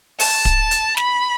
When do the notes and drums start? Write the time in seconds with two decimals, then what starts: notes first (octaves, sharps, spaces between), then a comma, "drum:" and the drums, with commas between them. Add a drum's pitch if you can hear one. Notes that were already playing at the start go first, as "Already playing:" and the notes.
0.20 A5, drum: open hi-hat
0.45 drum: kick D1
0.71 drum: hi-hat
0.97 B5, drum: snare